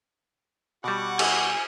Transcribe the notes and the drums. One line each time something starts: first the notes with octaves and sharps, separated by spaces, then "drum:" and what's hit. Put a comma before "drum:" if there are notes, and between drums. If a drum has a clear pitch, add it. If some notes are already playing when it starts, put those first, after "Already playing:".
B2 G3 F#4 F#5 C#6 D6
G#5, drum: cymbal